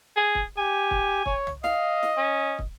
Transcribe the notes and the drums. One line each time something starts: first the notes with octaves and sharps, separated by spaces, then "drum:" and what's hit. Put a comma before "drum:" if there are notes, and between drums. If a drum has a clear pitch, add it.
G#4
drum: kick
G4 G#5
drum: kick
C#5, drum: kick
drum: tom
D#5 F5, drum: snare
drum: snare
C#4
drum: kick